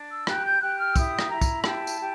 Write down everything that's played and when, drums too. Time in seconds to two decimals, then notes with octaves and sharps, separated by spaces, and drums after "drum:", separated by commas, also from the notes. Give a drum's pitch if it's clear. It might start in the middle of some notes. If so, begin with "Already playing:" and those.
Already playing: D4
0.10 E6
0.27 G4 F#6, drum: rim click
0.44 G6
0.61 G4 F#6
0.79 F6
0.90 E6
0.96 E4 D#6, drum: kick, tambourine
1.19 drum: rim click
1.30 E4 A#5
1.41 drum: kick, tambourine
1.64 G4 A5, drum: rim click
1.87 drum: tambourine
1.99 G4